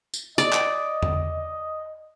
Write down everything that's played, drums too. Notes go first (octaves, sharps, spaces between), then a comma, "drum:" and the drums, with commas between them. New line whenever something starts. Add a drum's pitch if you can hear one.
drum: tambourine
D5 D#5, drum: tambourine
drum: clap
drum: tom E2